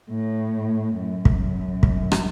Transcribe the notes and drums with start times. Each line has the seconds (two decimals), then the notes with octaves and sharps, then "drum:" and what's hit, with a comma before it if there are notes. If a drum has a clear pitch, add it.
0.10 A2
0.97 F#2
1.25 drum: kick
1.83 drum: kick
2.12 drum: rim click